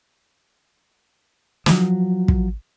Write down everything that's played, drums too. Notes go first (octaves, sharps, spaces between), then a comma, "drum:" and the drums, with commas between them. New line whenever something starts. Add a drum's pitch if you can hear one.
F3 F#3, drum: snare
drum: kick